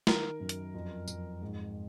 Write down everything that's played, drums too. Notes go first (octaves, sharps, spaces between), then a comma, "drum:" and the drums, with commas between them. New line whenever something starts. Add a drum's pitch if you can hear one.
D#3 A#4, drum: snare
F#2
drum: hi-hat
F2
F2, drum: tambourine
G#2